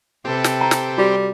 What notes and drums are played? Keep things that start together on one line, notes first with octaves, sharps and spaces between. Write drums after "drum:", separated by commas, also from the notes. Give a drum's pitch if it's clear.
C3 C4 G4 A4 B4
drum: snare
A#5
drum: snare
G3 F#4